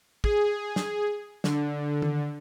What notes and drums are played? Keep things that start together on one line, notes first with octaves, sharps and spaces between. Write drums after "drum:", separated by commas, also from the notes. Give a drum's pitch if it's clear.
G#4, drum: kick
drum: snare
D3, drum: snare
drum: tom D#3